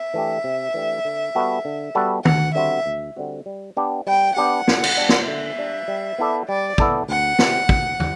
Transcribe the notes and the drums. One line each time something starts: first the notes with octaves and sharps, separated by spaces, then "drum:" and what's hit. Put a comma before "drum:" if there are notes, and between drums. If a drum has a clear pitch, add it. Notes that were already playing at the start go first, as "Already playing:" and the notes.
Already playing: E5
E3 A3 D4 G4
C3
E3 A3 D4 G4
D3
G3 B3 F#4 A4
D3
G3 B3 F#4 A4
D2 F#5, drum: tom D#3
D3 G3 C4 F#4 E5
D2
D3 G3 C4 F#4
G3
B3 D4 G4
G3 G5
B3 D4 G4 F#5
D3, drum: snare
drum: cymbal
G3 D4
drum: snare
D3 E5
G3 D4
G3
B3 E4 A4 D5
G3 D5
B3 E4 A4 D5, drum: kick
D2 F#5
C3 G3, drum: snare
D2, drum: kick
G3, drum: tom